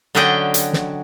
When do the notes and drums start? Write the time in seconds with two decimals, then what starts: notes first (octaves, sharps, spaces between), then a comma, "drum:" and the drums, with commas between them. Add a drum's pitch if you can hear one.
0.15 D3 F#3 C#4 D4 D#5 G5
0.54 drum: hi-hat
0.73 drum: snare